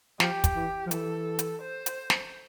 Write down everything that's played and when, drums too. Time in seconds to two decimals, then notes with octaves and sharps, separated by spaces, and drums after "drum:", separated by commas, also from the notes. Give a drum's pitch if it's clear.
0.20 F3 G4, drum: snare
0.44 drum: kick, hi-hat
0.56 E3
0.86 F3
0.91 E3 A4, drum: hi-hat
1.39 drum: hi-hat
1.62 C5
1.86 drum: hi-hat
2.10 drum: snare